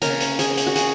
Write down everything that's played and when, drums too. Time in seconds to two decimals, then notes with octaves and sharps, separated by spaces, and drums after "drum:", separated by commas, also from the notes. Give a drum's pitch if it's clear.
0.02 C#3 A#3 A#4, drum: hi-hat
0.20 drum: hi-hat
0.39 G#4, drum: hi-hat
0.57 drum: hi-hat
0.66 F#4
0.76 G#4, drum: hi-hat